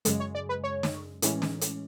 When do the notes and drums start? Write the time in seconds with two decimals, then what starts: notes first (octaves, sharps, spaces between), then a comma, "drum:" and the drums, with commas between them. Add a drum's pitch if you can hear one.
0.05 F#2 C#3 G#3 A4, drum: hi-hat
0.20 C#5
0.35 D5
0.49 B4
0.64 C#5
0.83 drum: snare
1.22 A2 E3 G#3 C#4, drum: hi-hat
1.42 drum: snare
1.61 drum: hi-hat